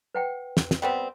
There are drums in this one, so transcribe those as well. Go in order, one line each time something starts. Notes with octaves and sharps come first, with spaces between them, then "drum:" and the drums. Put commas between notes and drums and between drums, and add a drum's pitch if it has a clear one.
B4 F#5 G5
drum: snare
drum: snare
G3 B3 C4